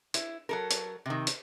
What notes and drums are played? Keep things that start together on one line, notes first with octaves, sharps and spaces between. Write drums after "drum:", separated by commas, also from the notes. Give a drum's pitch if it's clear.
E4, drum: hi-hat
F#3 A4 A#4
drum: hi-hat
C3 D#3
drum: hi-hat